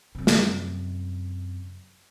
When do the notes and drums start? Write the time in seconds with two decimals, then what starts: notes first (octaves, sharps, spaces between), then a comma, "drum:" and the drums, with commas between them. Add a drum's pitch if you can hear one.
0.15 F#2 C3
0.27 drum: snare